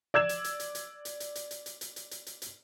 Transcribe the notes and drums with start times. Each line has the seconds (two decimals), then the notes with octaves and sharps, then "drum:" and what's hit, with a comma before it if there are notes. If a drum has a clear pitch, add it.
0.14 D5 E6 G#6 E7
0.29 drum: hi-hat
0.44 drum: hi-hat
0.60 drum: hi-hat
0.75 drum: hi-hat
1.05 drum: hi-hat
1.20 drum: hi-hat
1.35 drum: hi-hat
1.51 drum: hi-hat
1.66 drum: hi-hat
1.81 drum: hi-hat
1.96 drum: hi-hat
2.11 drum: hi-hat
2.27 drum: hi-hat
2.42 drum: hi-hat